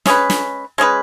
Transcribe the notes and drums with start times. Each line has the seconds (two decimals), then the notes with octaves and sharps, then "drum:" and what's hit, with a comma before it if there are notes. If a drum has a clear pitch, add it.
0.06 G#3 C#4 G#4 B4, drum: snare
0.30 drum: snare
0.78 G#3 C#4 G#4 B4